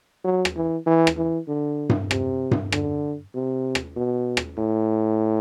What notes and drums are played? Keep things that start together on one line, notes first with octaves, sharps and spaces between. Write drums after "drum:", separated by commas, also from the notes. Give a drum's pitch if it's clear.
F#3
drum: rim click
E3
E3
drum: rim click
E3
D3
drum: tom G2
C3, drum: rim click
drum: tom G2
D3, drum: rim click
C3
drum: rim click
B2
drum: rim click
A2